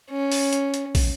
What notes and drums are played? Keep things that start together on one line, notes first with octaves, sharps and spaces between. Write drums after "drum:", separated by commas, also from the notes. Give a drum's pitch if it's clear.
C#4
drum: open hi-hat
drum: hi-hat
drum: hi-hat
drum: kick, open hi-hat